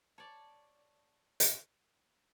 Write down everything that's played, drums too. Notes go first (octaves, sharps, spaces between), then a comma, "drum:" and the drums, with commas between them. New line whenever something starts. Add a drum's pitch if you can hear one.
C#5 D5 A5
drum: hi-hat